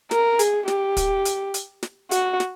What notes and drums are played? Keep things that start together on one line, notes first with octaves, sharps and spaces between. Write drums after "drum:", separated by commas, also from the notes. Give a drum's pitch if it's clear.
A#4, drum: snare
G#4, drum: hi-hat
G4, drum: snare
drum: kick, hi-hat
drum: hi-hat
drum: hi-hat
drum: snare
F#4, drum: hi-hat
drum: snare